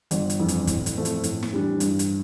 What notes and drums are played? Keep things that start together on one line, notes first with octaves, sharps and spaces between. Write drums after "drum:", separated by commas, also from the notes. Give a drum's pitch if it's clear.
G1, drum: hi-hat
drum: hi-hat
F2 E3
drum: hi-hat
A2, drum: kick, hi-hat
drum: hi-hat
F3 A3 C4
drum: hi-hat
A2, drum: hi-hat
drum: snare
E3 G3 D4
G2, drum: hi-hat
drum: hi-hat